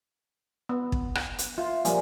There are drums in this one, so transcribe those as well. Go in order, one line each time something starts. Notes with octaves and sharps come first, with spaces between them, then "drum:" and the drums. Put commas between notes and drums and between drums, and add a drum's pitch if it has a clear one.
B3
drum: kick
drum: rim click
drum: hi-hat
F4 E5
F3 G3 A#3 D5 G#5, drum: hi-hat